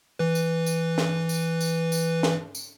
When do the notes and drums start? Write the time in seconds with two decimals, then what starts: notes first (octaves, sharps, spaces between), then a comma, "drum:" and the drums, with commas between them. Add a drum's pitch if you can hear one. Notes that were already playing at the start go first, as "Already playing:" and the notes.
0.19 E3 B4
0.35 drum: tambourine
0.66 drum: tambourine
0.98 drum: snare
1.29 drum: tambourine
1.61 drum: tambourine
1.92 drum: tambourine
2.23 drum: snare
2.55 drum: tambourine